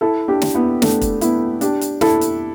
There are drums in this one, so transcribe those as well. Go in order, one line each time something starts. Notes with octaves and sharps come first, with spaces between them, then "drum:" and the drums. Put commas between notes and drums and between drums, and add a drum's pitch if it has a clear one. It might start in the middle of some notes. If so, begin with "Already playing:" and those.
E4 A4
D4 G4
drum: snare
B3 E4
A3 D4, drum: snare
drum: kick, hi-hat
B3 E4, drum: hi-hat
D4 G4, drum: hi-hat
drum: hi-hat
E4 A4, drum: snare
drum: hi-hat